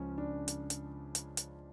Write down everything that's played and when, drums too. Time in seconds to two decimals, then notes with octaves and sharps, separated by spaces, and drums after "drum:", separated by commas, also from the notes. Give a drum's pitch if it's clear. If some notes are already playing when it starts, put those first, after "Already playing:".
Already playing: C#2 C#3 F3 C#4
0.18 D4
0.48 drum: hi-hat
0.70 drum: hi-hat
1.15 drum: hi-hat
1.37 drum: hi-hat